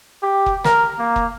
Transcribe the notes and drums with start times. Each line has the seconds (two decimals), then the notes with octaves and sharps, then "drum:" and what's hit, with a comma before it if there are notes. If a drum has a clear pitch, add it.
0.23 G4
0.46 drum: kick
0.65 A#4, drum: snare
0.98 A#3
1.16 drum: kick